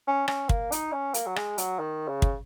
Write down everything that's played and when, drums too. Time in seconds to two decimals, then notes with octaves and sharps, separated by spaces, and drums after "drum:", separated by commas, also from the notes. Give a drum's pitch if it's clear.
0.07 C#4
0.28 C#4, drum: rim click
0.49 A#3, drum: kick
0.72 D#4, drum: hi-hat
0.92 C#4
1.14 A#3, drum: hi-hat
1.26 F#3
1.36 G#3, drum: rim click
1.58 F#3, drum: hi-hat
1.79 D#3
2.08 C#3
2.22 drum: kick